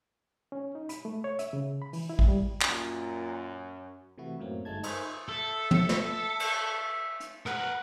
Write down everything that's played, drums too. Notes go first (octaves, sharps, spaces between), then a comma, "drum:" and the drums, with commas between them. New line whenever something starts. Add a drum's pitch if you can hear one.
C#4
D#4
B5, drum: hi-hat
A3
C#5
E5, drum: hi-hat
C#3
B5
E3, drum: open hi-hat
E4
drum: kick A1
G3
F#2 A#2, drum: clap
C3 E3 A3 E4 F#4
F#2 A2 F#3 A#3 C4
G1 G#3 A3 D#4 A5 G#6
D#4 A#4 C5 E5 G#5 B5, drum: cymbal
A4 E5
drum: tom
drum: snare
drum: cymbal
drum: hi-hat
A#4 B4 F#5, drum: rim click